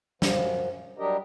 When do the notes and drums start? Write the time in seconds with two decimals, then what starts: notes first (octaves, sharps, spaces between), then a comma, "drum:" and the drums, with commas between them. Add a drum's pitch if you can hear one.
0.22 F#2 F3, drum: snare
0.98 F#3 G3 D4 G4 A#4 D#5